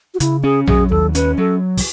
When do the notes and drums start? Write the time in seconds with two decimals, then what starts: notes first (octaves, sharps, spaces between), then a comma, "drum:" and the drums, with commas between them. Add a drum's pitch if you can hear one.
0.14 F#4
0.20 C#3 E4, drum: hi-hat
0.44 C#4 G#4
0.67 F#3 G#4, drum: tom A#1
0.90 D#2 A4
1.15 C#4 B4, drum: hi-hat
1.38 F#3 A4
1.77 drum: kick, open hi-hat